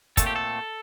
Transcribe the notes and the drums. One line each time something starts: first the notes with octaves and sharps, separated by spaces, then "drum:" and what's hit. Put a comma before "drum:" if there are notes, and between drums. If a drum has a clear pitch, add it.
A#2 A3 C4 A4, drum: kick, hi-hat
G4
A4